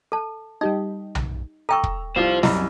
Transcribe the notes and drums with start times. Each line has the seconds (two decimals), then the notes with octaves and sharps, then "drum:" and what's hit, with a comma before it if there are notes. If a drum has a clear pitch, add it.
0.12 A4 A5
0.61 G3 D#4 G4 D#5
1.15 drum: tom B1
1.69 A4 G5 A#5 C#6 E6
1.83 drum: kick
2.16 C2 F4 C5 F5
2.43 C2 F#2 E4 D#5 B5, drum: snare